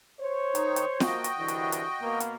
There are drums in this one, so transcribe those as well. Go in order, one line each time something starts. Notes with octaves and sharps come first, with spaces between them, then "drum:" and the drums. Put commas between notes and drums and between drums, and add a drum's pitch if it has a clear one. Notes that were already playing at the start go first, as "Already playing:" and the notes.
C5 C#5
D#3 D#4, drum: hi-hat
drum: hi-hat
F3 A#3 F#4 D#5 G5, drum: snare
drum: hi-hat
C2 D3 E3
drum: hi-hat
drum: hi-hat
B2 A#3
drum: hi-hat